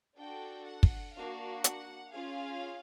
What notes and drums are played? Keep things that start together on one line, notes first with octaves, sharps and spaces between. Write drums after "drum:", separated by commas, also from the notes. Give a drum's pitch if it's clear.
D4 F#4 A4 G5
F#5
drum: kick
A#3 D4 F#4 F5
F#5, drum: hi-hat
C#4 F4 G#4 F5